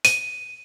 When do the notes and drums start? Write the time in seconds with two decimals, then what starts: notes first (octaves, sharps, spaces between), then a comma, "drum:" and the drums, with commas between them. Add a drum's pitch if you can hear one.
0.05 D#7, drum: open hi-hat